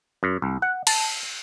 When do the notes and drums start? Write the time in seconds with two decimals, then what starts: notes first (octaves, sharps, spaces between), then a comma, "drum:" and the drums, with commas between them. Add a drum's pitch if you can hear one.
0.23 F#2
0.42 C2
0.62 F#5
0.87 A5, drum: cymbal